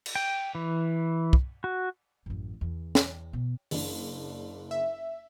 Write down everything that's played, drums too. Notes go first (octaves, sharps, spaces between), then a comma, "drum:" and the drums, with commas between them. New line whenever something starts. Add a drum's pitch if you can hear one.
drum: cymbal
G5
E3
drum: kick
F#4
A1 F#2
E2
drum: snare
B2
F#1 D4, drum: open hi-hat
E5